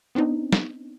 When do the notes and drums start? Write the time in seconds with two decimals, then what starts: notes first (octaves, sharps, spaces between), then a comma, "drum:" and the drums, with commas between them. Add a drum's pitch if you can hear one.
0.15 B3 C4 D4 D#4
0.53 drum: snare